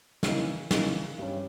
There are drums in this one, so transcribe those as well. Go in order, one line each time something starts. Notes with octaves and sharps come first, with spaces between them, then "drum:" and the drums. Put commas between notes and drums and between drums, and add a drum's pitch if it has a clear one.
C#3 E3 A#3 D#4, drum: snare
C#3 E3 A#3 D#4, drum: snare
G2 G3 C#4